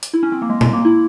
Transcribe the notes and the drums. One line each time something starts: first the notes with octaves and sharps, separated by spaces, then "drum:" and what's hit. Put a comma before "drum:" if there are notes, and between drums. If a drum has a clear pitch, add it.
drum: hi-hat
E4
C#4
C4
A#3
G#3
G#3, drum: tom A#2
A#3
E4